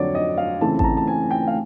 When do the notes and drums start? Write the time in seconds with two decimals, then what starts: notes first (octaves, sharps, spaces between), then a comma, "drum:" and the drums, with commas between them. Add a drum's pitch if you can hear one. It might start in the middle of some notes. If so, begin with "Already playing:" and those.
Already playing: F2 D3 F#3 C#5 D5
0.15 D#5
0.38 F5
0.61 C#3 E3 A3 C4 A5
0.79 A5, drum: kick A1
0.84 A#5
0.97 A5
1.07 G#5
1.31 G5
1.47 F5